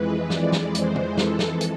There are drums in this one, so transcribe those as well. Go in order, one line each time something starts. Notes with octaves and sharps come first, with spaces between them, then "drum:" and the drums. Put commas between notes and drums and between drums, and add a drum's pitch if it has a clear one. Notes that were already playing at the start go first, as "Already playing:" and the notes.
Already playing: F2 E3 G#3 B4
D5, drum: snare
drum: snare
C5, drum: hi-hat
drum: tom
A4, drum: snare
drum: snare
drum: hi-hat